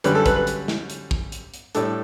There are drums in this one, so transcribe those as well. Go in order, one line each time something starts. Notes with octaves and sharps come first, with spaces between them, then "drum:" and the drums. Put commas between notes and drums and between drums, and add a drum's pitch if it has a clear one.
F#2 D3 G3 C#4 B4, drum: hi-hat
A4
B4, drum: kick, hi-hat
B4
drum: hi-hat
drum: snare
drum: hi-hat
drum: kick
drum: hi-hat
drum: hi-hat
A2 G3 D4 A4, drum: hi-hat